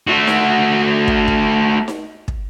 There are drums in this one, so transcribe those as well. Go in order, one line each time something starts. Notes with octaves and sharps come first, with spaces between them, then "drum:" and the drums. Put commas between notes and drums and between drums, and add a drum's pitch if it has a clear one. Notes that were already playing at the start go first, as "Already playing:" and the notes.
A3 F#4
drum: snare D#4
drum: kick
drum: kick
drum: snare D#4
drum: kick